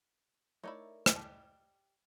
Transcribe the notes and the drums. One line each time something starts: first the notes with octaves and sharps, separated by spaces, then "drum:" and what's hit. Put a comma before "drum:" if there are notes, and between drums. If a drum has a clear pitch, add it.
A3 D#4 E4 A#4 C#5 D5
drum: rim click
G4 A5